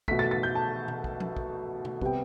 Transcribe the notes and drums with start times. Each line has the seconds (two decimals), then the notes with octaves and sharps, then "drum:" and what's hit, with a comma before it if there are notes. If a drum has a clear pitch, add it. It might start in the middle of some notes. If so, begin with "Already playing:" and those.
0.08 B2 A3 B6, drum: kick
0.19 A6
0.31 A6
0.43 G6
0.55 A5
0.88 drum: tom
1.04 drum: kick
1.20 drum: tom F3
1.37 drum: kick
1.85 drum: tom
2.01 C3 G3 B3 G5, drum: kick